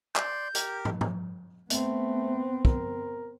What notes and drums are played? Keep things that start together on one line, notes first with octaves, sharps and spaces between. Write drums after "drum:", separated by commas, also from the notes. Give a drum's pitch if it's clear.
D5 C6 G6, drum: clap
G4 A#4, drum: hi-hat
drum: tom
drum: tom
A3 B3 C4, drum: hi-hat
A#4, drum: kick